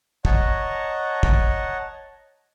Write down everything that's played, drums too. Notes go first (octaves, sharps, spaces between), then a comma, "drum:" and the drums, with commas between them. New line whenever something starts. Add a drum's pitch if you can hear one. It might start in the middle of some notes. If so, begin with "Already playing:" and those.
C#5 D#5 F#5 A5 A#5 C#6, drum: kick
drum: kick